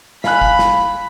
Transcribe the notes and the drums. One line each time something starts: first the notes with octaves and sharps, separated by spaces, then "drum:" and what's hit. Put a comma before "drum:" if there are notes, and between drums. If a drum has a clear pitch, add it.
F5 G#5 B5 F#6, drum: snare
drum: kick G1
drum: snare